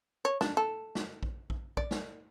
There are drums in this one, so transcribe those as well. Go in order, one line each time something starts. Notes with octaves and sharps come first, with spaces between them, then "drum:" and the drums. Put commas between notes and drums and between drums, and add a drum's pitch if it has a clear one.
C#5
D4, drum: snare
A4
drum: snare
drum: kick A#1
drum: kick A#1
D5, drum: kick A#1
drum: snare